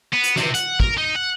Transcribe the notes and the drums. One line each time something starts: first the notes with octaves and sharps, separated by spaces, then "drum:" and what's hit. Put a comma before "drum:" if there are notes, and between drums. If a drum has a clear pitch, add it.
B3
drum: hi-hat
C3, drum: snare
F#5, drum: hi-hat
A#4, drum: kick
D#4
F#5